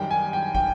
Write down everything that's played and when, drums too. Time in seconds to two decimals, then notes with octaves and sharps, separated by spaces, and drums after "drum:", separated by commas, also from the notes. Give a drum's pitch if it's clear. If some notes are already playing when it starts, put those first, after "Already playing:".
Already playing: F#2 D#3 G3 G5
0.11 G#5
0.33 G5
0.55 G5, drum: kick